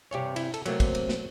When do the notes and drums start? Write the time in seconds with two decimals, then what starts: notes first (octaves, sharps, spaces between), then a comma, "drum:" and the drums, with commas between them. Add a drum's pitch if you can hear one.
0.11 E2 G2 C3 G4 C#5
0.36 E4, drum: cymbal
0.54 A4, drum: cymbal
0.66 C3 F#3 A3 A#3 C4, drum: cymbal
0.80 drum: kick, cymbal
0.95 drum: cymbal
1.09 drum: snare